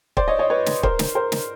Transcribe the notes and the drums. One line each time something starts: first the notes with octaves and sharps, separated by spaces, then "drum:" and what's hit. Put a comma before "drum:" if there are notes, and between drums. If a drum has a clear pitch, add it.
C5 D5, drum: kick
C#5 D#5
C#5 D#5
B4 C#5
drum: snare
A#4 C5, drum: kick
drum: snare
A#4 C5
drum: snare